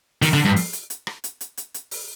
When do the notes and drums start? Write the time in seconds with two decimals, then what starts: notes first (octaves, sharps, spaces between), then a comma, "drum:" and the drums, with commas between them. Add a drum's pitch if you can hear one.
0.22 D#3, drum: open hi-hat
0.34 D3
0.45 G2
0.56 drum: open hi-hat
0.73 drum: hi-hat
0.90 drum: hi-hat
1.07 drum: rim click
1.24 drum: hi-hat
1.41 drum: hi-hat
1.57 drum: hi-hat
1.74 drum: hi-hat
1.91 drum: open hi-hat